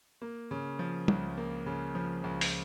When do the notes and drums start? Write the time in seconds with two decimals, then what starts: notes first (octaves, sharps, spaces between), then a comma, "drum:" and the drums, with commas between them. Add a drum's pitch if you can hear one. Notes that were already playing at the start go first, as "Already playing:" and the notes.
0.22 A#3
0.51 C#3
0.79 F3
1.08 C#2, drum: tom
1.38 A#3
1.66 C#3
1.95 F3
2.24 C#2
2.41 drum: open hi-hat